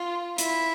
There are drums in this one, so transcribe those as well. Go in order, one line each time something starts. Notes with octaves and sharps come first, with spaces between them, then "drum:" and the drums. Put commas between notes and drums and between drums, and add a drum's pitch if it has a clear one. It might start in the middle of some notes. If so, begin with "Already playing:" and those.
Already playing: F4
E4, drum: hi-hat